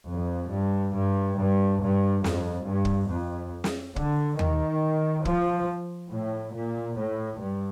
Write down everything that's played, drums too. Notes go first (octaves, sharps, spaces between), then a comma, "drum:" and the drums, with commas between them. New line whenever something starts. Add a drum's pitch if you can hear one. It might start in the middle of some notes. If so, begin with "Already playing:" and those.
F2
G2
G2
G2
G2
F2, drum: snare
G2
drum: kick
F2
drum: snare
D3, drum: kick
D#3, drum: tom
F3, drum: kick
A2
A#2
A2
G2